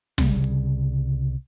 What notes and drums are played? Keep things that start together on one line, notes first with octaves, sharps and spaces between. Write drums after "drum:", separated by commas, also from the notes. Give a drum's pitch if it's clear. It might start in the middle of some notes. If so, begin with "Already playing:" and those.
C2 C#3 G3, drum: snare
drum: open hi-hat